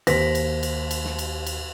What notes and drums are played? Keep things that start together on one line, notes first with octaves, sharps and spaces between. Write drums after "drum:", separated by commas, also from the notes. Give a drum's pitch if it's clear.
D#2 C5 A#6 B6, drum: cymbal
drum: cymbal
drum: cymbal
drum: cymbal
drum: snare
drum: cymbal
drum: cymbal